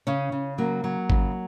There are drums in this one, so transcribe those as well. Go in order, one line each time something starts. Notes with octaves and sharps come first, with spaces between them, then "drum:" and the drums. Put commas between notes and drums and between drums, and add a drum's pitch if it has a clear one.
C#3 C#4
C#3
F#3 A#3
F#3
C#3, drum: kick G#1